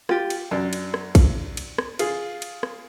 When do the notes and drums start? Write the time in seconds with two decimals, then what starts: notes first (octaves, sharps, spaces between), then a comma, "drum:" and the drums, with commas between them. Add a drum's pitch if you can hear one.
0.09 F4 G4, drum: rim click
0.30 drum: cymbal
0.51 F#2 D4
0.73 drum: cymbal
0.94 drum: rim click
1.15 drum: kick A#1, cymbal
1.57 drum: cymbal
1.78 drum: rim click
1.99 F4 G#4, drum: cymbal
2.42 drum: cymbal
2.63 drum: rim click